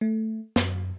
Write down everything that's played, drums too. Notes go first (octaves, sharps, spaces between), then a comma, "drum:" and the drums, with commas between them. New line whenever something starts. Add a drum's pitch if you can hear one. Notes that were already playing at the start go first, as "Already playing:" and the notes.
A3
F#2, drum: snare